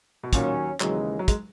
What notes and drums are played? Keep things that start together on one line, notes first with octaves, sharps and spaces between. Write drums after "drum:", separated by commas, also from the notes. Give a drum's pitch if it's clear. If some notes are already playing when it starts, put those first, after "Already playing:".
B2
D#2 A#2 D#3 F#3 C#4, drum: kick, hi-hat
D#2 C#3 E3 F#3 G#3, drum: clap
F#3
G#3, drum: kick, hi-hat